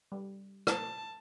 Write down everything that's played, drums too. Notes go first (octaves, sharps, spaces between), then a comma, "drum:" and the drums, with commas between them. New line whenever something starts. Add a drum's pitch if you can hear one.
G3
A5, drum: rim click